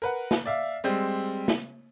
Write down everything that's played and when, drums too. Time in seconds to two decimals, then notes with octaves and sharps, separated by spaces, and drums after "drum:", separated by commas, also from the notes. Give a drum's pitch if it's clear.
0.02 A#4 B4 F#5
0.31 drum: snare
0.46 D5 E5 F5
0.84 G3 G#3 C4
1.48 drum: snare